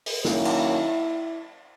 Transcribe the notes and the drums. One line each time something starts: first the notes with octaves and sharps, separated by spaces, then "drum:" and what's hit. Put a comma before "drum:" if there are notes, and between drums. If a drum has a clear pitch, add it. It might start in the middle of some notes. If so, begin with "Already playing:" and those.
drum: open hi-hat
D#3 F#3 A#3 C#4 E4, drum: snare
drum: cymbal